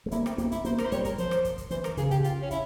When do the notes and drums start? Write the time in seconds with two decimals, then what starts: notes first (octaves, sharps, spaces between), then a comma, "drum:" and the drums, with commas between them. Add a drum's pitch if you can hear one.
0.06 G#3
0.11 A#3 E4, drum: hi-hat
0.26 C4, drum: rim click
0.38 A#3, drum: kick, hi-hat
0.52 E4, drum: kick, hi-hat
0.65 A#3 C5, drum: hi-hat
0.78 A#4, drum: rim click
0.86 C5
0.92 G3 C#5, drum: kick, hi-hat
1.05 A#4, drum: kick, hi-hat
1.18 F3 C5, drum: hi-hat
1.31 drum: rim click
1.44 drum: kick, hi-hat
1.58 drum: kick, hi-hat
1.70 E3 C5, drum: hi-hat
1.84 A#4, drum: rim click
1.97 C#3 G#4, drum: kick, hi-hat
2.11 G4, drum: kick, hi-hat
2.24 F4, drum: hi-hat
2.42 C#4
2.51 E4, drum: kick, hi-hat